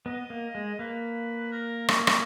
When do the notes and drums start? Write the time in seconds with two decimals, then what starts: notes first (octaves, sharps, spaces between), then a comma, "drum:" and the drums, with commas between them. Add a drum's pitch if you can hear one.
0.06 B3 D#5
0.30 A#3
0.55 G#3
0.79 A#3 B4
1.52 A#4
1.88 C#4, drum: rim click
2.07 drum: rim click